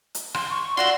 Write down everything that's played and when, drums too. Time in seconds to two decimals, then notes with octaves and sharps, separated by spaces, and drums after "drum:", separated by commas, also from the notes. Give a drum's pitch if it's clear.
0.15 drum: hi-hat
0.34 C6, drum: rim click
0.50 C#6
0.77 F4 F#4 D5 E5 C6